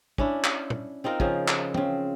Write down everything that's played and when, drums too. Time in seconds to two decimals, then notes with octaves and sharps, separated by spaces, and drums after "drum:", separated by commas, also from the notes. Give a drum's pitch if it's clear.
0.18 C#4 D4 E4, drum: kick
0.44 drum: clap
0.70 drum: tom
1.04 C4 D#4 F4 A#4
1.20 C#3 F3 G#4, drum: kick
1.48 drum: clap
1.74 C#3 C4, drum: tom